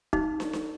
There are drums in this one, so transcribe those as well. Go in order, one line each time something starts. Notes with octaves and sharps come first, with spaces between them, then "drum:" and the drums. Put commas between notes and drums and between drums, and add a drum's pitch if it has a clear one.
D#4, drum: kick
drum: snare
drum: snare